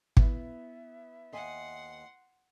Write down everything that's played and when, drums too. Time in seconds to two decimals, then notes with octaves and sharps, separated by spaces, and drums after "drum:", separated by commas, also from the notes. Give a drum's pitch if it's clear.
0.17 B3 E4 E5, drum: kick
1.33 D#2 D#5 F#5 G#5 C6